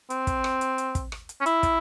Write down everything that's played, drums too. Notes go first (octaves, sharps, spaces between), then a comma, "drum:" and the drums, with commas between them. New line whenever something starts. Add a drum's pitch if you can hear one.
C4, drum: hi-hat
drum: kick, hi-hat
drum: rim click
drum: hi-hat
drum: hi-hat
drum: kick, hi-hat
drum: rim click
drum: hi-hat
C#4
E4, drum: hi-hat
drum: kick, hi-hat